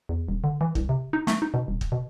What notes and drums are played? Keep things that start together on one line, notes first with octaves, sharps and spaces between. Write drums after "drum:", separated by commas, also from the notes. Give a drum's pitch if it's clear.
E2
D#1
D3
E3
C2, drum: kick
C3
D#4
A3, drum: snare
D#4
B2
D#1
drum: kick
B2